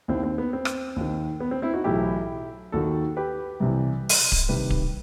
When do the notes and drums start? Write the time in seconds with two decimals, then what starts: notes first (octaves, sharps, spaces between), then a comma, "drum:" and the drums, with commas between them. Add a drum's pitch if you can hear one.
0.08 D#2 D#3 C4 E4
0.23 C4
0.38 B3
0.53 C4
0.65 drum: rim click
0.96 D#2 D#3
1.40 B3
1.51 C4
1.62 C4 E4
1.73 D#4 F#4
1.84 B1 A2 E3 E4 G4
2.72 D#2 D#3 F#4 A4
3.17 G4 B4
3.60 C2 C3 E3
4.09 drum: open hi-hat
4.32 drum: kick D1
4.49 C2 C3 D#3 G4 B4
4.70 drum: kick D1